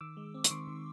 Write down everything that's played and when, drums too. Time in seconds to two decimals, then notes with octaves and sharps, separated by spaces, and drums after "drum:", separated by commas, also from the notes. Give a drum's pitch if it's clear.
0.01 D#3 D6 E6
0.17 G#3
0.34 C4
0.44 C#6, drum: hi-hat
0.50 D#3 C6 D6
0.67 D#3